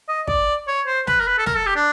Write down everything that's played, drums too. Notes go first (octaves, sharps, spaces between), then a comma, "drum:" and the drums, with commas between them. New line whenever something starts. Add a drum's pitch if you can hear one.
D#5
D5, drum: kick
C#5
C5
B4, drum: snare
A#4
B4
A4
A#4, drum: snare
A4
G4
D4